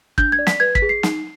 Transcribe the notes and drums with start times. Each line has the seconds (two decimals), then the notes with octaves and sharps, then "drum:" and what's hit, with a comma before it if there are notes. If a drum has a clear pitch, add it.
0.18 D4 G6, drum: kick
0.32 G#6
0.39 D5
0.47 B6, drum: snare
0.60 B4 G#6
0.75 B6, drum: kick
0.82 G#4
0.89 C7
1.03 D#4, drum: snare